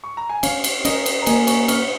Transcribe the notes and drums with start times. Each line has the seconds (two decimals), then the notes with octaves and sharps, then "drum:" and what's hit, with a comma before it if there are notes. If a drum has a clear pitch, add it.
0.04 C#6
0.17 A#5
0.29 G#5
0.43 C#4 C#5 F5, drum: cymbal
0.64 drum: cymbal
0.85 C#4 A#4 D#5, drum: cymbal
1.06 drum: cymbal
1.22 A#5
1.26 A#3 D#5 G#5, drum: cymbal
1.47 G#5 C#6, drum: cymbal
1.68 C#4 C#6 F6, drum: cymbal